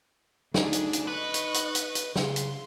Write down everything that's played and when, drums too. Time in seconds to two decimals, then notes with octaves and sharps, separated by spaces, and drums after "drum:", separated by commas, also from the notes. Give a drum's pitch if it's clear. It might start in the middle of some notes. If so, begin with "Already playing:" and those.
0.54 D2 D4 D#4 G#4, drum: snare
0.73 drum: hi-hat
0.93 drum: hi-hat
1.08 B4 D#5 C#6 F#6
1.34 drum: hi-hat
1.54 drum: hi-hat
1.75 drum: hi-hat
1.95 drum: hi-hat
2.16 C#3 C6, drum: snare
2.36 drum: hi-hat